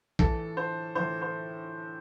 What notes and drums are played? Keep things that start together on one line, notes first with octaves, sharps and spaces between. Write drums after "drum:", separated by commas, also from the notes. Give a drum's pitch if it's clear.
A2 E3 A4, drum: kick
C5
A2 E3 C5
C5